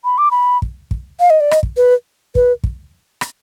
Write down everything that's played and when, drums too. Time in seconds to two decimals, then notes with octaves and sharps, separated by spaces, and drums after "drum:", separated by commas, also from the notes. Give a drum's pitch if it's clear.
0.04 B5
0.18 D6
0.31 B5
0.62 drum: kick
0.91 drum: kick
1.20 F5
1.30 D#5
1.40 D5
1.51 D#5, drum: rim click
1.63 drum: kick
1.77 B4
2.35 B4, drum: kick
2.64 drum: kick
3.21 drum: rim click